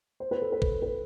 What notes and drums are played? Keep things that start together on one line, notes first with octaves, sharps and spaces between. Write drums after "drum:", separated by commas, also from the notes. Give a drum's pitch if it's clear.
C5
B4
A4
B4
drum: kick
B4